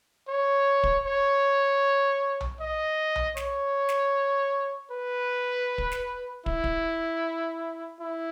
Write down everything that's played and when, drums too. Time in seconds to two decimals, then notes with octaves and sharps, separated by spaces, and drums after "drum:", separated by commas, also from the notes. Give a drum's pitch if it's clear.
0.28 C#5
0.83 drum: kick
1.06 C#5
2.41 drum: tom B1
2.60 D#5
3.16 drum: tom B1
3.37 C#5, drum: snare
3.89 drum: snare
4.91 B4
5.78 drum: kick
5.92 drum: snare
6.46 E4, drum: kick
6.64 drum: kick
8.00 E4